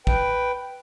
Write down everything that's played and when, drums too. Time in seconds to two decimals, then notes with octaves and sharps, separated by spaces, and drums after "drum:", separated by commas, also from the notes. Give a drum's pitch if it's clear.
0.07 B4 G5, drum: kick